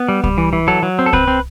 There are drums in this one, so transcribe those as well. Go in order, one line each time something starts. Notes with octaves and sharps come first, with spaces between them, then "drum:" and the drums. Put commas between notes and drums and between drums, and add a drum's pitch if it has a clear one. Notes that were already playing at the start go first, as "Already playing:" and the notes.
Already playing: B3
G3
G3, drum: kick C2
E3
E3
F#3 A4
F#3
C4
A4
C4 B4, drum: kick C2
C4